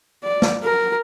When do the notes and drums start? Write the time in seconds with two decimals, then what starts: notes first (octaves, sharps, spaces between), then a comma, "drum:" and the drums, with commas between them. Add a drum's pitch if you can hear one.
0.24 D5
0.42 drum: snare
0.64 A#4